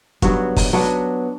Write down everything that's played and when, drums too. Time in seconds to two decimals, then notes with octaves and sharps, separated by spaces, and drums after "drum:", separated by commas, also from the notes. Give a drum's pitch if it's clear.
0.22 G2 F#3 B3 F#4, drum: kick, hi-hat
0.56 drum: kick, open hi-hat
0.73 F#3 B3 D4 F#4